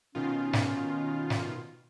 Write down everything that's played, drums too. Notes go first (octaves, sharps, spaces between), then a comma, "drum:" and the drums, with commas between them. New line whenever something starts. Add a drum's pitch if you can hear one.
B2 D#3 C#4 F4
drum: snare
drum: snare